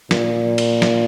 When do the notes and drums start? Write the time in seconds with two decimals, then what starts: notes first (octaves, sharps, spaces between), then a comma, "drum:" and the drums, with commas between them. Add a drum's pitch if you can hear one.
0.11 A#2, drum: snare
0.58 drum: cymbal
0.82 drum: snare